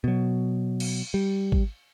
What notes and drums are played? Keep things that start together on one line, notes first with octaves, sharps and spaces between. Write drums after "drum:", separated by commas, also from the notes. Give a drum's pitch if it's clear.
B2 F#3
drum: cymbal
G3
drum: kick G#1